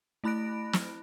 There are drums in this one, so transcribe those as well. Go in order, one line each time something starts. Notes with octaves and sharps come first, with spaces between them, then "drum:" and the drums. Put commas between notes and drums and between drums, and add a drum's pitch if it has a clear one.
A3 E4 B5 F#6 A#6 D7
drum: snare